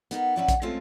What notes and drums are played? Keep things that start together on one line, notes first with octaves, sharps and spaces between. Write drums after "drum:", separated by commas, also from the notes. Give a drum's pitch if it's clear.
B3 D#4 A#4, drum: hi-hat
A2 C#4 D#4 E4 D5 F#5
drum: kick A#1, hi-hat
G#3 A3 C4 C#4 F4 A4